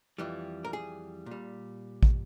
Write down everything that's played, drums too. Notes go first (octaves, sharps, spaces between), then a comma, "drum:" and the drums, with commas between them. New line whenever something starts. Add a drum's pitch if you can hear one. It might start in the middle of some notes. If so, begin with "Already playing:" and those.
F2 E3 G3
A#4
G#4
A#2
G3
drum: kick